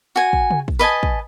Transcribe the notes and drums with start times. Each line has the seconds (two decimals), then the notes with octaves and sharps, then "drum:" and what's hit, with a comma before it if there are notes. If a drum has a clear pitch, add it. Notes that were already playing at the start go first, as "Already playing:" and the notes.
0.16 F#4 G#5
0.33 drum: kick
0.50 drum: tom
0.68 drum: kick
0.79 B4 D#5 G#5 A5
1.03 drum: kick